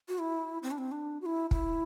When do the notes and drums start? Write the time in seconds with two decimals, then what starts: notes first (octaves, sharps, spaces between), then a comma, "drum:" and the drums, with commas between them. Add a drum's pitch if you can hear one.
0.08 F#4
0.19 E4
0.63 C4
0.71 D4
0.78 C4
0.92 D4
1.21 F#4
1.26 E4
1.51 E4, drum: kick